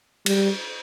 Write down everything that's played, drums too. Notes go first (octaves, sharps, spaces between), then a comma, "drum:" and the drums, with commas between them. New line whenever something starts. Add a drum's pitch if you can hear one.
G3, drum: cymbal